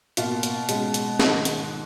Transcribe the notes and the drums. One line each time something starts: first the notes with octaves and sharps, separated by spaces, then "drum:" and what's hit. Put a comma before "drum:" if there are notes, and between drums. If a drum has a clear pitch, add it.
B2 A#3 F4, drum: hi-hat
drum: hi-hat
B2 G#3 C#4, drum: hi-hat
drum: hi-hat
G#2 D#3 G#3, drum: snare
drum: hi-hat